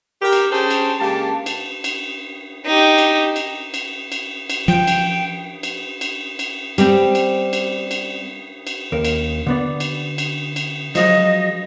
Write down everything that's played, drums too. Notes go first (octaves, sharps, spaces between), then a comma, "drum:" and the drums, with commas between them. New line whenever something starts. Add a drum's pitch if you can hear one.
G4 A#4
drum: cymbal
C#4 G4 G#4 C5 G5 A5
drum: cymbal
C#3 G#3 A#3 G4 A5
drum: cymbal
drum: cymbal
D#4 G4
drum: cymbal
drum: cymbal
drum: cymbal
drum: cymbal
drum: cymbal
F3 G5
drum: cymbal
drum: cymbal
drum: cymbal
drum: cymbal
G3 C4, drum: cymbal
drum: cymbal
drum: cymbal
drum: cymbal
drum: cymbal
D#2 A#4
drum: cymbal
D3 B3 D5
drum: cymbal
drum: cymbal
drum: cymbal
F3 F#3 G#3 D#5, drum: cymbal